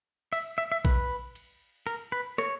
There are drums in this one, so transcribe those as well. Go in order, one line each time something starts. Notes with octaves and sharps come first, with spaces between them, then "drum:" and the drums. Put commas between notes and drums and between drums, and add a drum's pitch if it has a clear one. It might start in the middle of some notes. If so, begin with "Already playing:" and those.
E5, drum: cymbal
E5
E5
B4, drum: kick A#1, cymbal
drum: cymbal
A#4, drum: cymbal
B4
C#5, drum: rim click